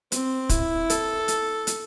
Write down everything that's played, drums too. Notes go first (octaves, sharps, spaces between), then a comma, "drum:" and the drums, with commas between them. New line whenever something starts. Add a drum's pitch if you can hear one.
C4, drum: hi-hat
E4, drum: kick, hi-hat
A4, drum: hi-hat
drum: hi-hat
drum: hi-hat